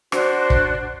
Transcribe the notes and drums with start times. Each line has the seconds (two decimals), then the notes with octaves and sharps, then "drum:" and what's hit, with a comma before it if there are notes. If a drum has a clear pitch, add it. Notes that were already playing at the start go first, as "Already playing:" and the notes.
0.12 D4 F#4 C5, drum: rim click
0.50 drum: kick